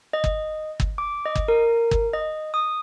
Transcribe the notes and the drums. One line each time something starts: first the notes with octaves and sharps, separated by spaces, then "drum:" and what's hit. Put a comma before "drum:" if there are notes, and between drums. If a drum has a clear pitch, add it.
D#5
drum: kick
drum: kick
D6
D#5
drum: kick
A#4
drum: kick
D#5
D#6